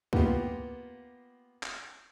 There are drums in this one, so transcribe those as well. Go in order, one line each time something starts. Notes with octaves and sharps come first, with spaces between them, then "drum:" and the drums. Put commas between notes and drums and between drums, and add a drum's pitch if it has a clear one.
A#3 B3 F4 G4, drum: kick
drum: clap